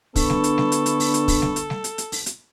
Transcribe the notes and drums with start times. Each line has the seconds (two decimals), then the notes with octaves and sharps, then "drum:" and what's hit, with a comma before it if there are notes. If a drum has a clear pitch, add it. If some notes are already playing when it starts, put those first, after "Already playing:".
0.16 D3 B3 D4 E4 A4 C#6, drum: kick, open hi-hat
0.30 drum: snare G3
0.44 drum: hi-hat
0.58 drum: snare G3
0.72 drum: hi-hat
0.86 drum: hi-hat
1.00 drum: open hi-hat
1.14 drum: hi-hat
1.28 drum: kick, open hi-hat
1.42 drum: snare G3
1.56 drum: hi-hat
1.70 drum: snare G3
1.84 drum: hi-hat
1.98 drum: hi-hat
2.12 drum: open hi-hat
2.26 drum: hi-hat